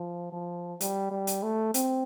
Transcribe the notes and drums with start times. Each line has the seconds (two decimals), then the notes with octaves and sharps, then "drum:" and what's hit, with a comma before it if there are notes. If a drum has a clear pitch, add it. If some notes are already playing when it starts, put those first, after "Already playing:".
Already playing: F3
0.32 F3
0.81 G3, drum: hi-hat
1.11 G3
1.27 drum: hi-hat
1.43 A3
1.74 C4, drum: hi-hat